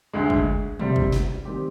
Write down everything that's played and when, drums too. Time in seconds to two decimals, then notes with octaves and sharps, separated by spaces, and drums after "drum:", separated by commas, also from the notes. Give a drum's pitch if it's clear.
0.13 D2 D3 G#3
0.30 drum: kick
0.79 C3 G3 C4, drum: tom B2
0.96 drum: kick
1.12 drum: snare
1.45 D#3 G3 C4 G4